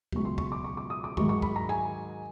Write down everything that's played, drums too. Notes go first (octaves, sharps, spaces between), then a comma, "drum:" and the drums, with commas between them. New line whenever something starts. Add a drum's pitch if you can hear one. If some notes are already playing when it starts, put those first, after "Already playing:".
C#2 B2 F#3 C#6, drum: kick
C6
C#6, drum: kick
D6
C#6
D6
D#6
D6
G#2 D#3 F#3 C#6, drum: kick
C#6
B5, drum: kick
A#5
G#5